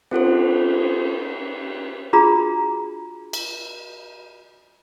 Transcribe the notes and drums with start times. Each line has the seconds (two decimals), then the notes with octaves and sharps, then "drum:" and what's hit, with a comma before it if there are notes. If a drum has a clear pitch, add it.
0.11 C4 F4 A4 C5, drum: cymbal
2.13 D4 F4 F#4 G#4 A#5 B5
3.33 drum: cymbal